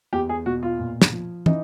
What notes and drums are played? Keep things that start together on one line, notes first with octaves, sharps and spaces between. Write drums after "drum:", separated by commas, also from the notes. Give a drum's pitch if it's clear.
E2 G4
G#4
B2 F#4
F4
A#2
drum: snare
F3
E3 D#4, drum: tom